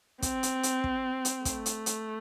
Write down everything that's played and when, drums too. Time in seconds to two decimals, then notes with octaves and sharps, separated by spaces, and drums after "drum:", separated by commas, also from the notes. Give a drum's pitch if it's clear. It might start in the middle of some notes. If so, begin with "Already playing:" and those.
0.22 C4, drum: kick, hi-hat
0.43 drum: hi-hat
0.63 drum: hi-hat
0.84 drum: kick
1.25 drum: hi-hat
1.45 A3, drum: kick, hi-hat
1.66 drum: hi-hat
1.86 drum: hi-hat